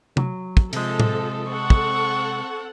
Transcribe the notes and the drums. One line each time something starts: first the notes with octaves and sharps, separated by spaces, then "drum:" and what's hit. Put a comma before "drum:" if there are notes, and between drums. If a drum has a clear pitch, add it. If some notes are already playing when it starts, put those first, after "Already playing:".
F#3, drum: tom
drum: kick
C3 F3 G#3 A4, drum: cymbal
drum: tom A2
C4 A4 F#5 C#6
drum: kick